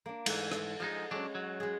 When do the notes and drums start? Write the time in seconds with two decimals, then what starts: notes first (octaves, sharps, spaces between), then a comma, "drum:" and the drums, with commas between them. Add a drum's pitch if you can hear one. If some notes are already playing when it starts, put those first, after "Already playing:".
0.06 A#3 D4
0.26 G#2 E3 A3, drum: cymbal
0.52 drum: rim click
0.80 F3 G#3 D#4 G#4 A4 D#5
1.11 F#3 G#3 C#4 D4
1.35 F#3
1.60 G#3 G#4